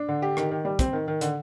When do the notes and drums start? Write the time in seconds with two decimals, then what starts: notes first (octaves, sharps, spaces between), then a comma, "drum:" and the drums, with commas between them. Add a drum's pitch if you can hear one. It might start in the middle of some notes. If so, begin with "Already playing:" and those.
Already playing: D4
0.08 D3
0.22 G4
0.37 D#3, drum: rim click
0.51 D#3
0.65 G3
0.79 C4, drum: kick, hi-hat
0.93 D#3
1.08 D#3
1.21 D3, drum: hi-hat